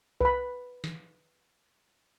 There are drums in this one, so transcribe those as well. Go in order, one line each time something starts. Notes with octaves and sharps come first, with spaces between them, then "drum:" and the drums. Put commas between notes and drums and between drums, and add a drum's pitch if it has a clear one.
B4 B5, drum: kick C2
drum: snare